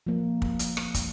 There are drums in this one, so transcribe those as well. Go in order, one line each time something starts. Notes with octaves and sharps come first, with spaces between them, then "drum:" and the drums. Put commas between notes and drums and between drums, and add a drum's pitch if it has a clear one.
F3 A#3
drum: kick
drum: hi-hat
drum: rim click
drum: kick, hi-hat